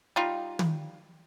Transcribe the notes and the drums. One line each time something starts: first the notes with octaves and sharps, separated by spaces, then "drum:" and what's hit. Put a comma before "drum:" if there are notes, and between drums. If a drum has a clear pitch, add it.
G3 D#4 F4
drum: tom